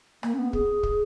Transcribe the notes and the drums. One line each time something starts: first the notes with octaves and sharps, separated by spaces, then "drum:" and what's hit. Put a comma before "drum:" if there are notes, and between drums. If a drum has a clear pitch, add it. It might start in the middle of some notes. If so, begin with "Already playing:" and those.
A#3, drum: rim click
C#4
B3
G#4, drum: kick
drum: kick